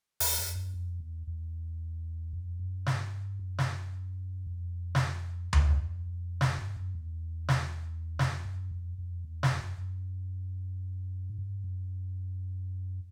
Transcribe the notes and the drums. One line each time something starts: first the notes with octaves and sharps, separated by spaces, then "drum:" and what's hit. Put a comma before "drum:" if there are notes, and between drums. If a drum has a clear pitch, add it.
E2, drum: open hi-hat
F2
F#2
F2
E2
E2
F2
F#2
G2, drum: snare
F#2
drum: snare
F2
drum: snare
F2, drum: tom D2
drum: snare
G2
F#2
E2
drum: snare
F2, drum: snare
F#2
F2
F2
E2
F2, drum: snare
F#2
F#2
G#2
G2
F#2